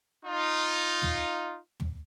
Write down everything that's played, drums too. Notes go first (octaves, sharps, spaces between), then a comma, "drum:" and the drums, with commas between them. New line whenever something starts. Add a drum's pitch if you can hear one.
D#4 F4
drum: tom
drum: tom